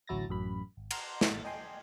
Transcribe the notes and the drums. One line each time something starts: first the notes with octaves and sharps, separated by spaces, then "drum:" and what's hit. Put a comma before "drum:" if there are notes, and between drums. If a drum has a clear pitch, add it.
A1 D2 F#3 E4 A6 A#6
A1 F#2 B5
G#1
F#5 A#5 C6 F6, drum: cymbal
drum: snare
A1 A6
D#5 G5 G#5 C6